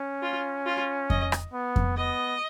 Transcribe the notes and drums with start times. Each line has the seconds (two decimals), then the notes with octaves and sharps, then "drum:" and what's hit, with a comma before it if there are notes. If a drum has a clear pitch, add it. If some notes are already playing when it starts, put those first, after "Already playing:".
Already playing: C#4
0.22 F4
0.66 F4
1.10 D#5, drum: kick F2
1.32 drum: rim click
1.53 B3
1.76 drum: kick F2
1.97 B3 D#5